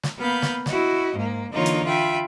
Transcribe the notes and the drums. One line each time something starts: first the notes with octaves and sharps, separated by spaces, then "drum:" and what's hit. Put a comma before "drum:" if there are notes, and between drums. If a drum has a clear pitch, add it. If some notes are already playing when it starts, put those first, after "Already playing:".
drum: snare
A#3 B3 F5 B5 G6
drum: snare
E4 F#4 D#5, drum: snare
G#2 A#3
D3 E3 A#3 D#4 F4 C#5
drum: hi-hat
F4 E5 G5 B5